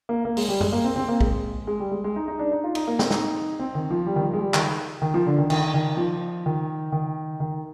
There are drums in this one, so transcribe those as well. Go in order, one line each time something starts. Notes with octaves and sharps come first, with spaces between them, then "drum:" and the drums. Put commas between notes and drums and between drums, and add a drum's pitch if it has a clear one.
A#3
A#3
G#3, drum: open hi-hat
G3
G#3, drum: tom F#2
A#3
C4
C4
A#3
G#3, drum: kick
G#3
G3
G#3
G#3
D#4
D#4
D4
D#4
F4
D#4, drum: cymbal
A#3
C4, drum: snare
D#4, drum: snare
C4
D#3
F3
G3
D#3
F3
G#3
G3
D#3, drum: clap
D#3
F3
D3
D#3
D#3, drum: cymbal
D#3
F3
D#3
D#3
D#3